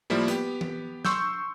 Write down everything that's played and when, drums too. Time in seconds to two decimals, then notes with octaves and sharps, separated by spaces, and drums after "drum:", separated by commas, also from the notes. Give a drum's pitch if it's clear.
0.10 A2 F3 G3 A#3 E4
0.28 B3 G4, drum: hi-hat
0.61 drum: tom E3
1.05 C6 C#6 E6 G6, drum: snare